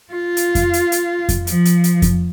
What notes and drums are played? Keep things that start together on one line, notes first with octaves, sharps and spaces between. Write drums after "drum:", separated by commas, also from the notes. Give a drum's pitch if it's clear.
F4
drum: hi-hat
drum: kick F2, hi-hat
drum: hi-hat
drum: hi-hat
drum: kick F2, hi-hat
F3, drum: hi-hat
drum: hi-hat
drum: hi-hat
drum: kick F2, hi-hat